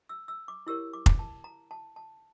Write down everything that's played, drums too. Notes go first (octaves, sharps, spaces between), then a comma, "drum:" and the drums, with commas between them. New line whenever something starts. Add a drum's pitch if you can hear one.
E6
E6
D6
E4 G4 A#4 C#5 E6
D6
drum: kick F1
A5
A#5
A5
A5